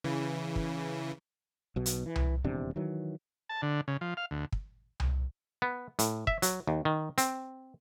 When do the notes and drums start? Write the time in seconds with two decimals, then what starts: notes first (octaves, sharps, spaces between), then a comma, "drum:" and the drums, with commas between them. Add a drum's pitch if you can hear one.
0.04 C#3 E3
0.56 drum: kick
1.76 B1 B2
1.86 drum: hi-hat
2.06 E3
2.16 drum: tom C2
2.44 D#1 E2 C3 D4
2.76 D#3 E3 F#3
3.49 A5
3.62 D3
3.88 C#3
4.01 F3
4.17 F5
4.31 D2
4.52 drum: kick
5.00 drum: tom C2
5.62 B3
5.99 A2, drum: hi-hat
6.27 E5, drum: kick
6.42 F#3, drum: hi-hat
6.68 D#2
6.85 D#3
7.18 C4, drum: hi-hat